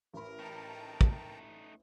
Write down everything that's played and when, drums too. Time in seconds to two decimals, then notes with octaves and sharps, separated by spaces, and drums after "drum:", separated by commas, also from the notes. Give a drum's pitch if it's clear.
0.14 A1 A#4 B5
0.39 A3 D#4 G5 A5 A#5
1.01 drum: kick